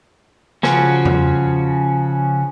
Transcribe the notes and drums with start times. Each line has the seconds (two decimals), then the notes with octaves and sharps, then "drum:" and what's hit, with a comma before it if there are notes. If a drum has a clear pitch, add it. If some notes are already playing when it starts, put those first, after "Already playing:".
0.63 C#3 F3 C#4 F#4, drum: snare
1.05 drum: tom E2